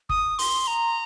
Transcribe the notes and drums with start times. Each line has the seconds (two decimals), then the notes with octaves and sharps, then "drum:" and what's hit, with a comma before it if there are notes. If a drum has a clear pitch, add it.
0.09 D#6, drum: kick F#1
0.39 C6, drum: open hi-hat
0.67 A#5